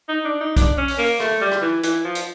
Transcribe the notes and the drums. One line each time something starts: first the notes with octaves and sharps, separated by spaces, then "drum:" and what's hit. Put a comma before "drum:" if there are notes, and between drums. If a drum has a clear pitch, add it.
D#4
D4
D#4
D4, drum: kick B1, hi-hat
C#4
drum: open hi-hat
A#3
A3, drum: rim click
G3
drum: rim click
E3
E3, drum: hi-hat
F3
drum: hi-hat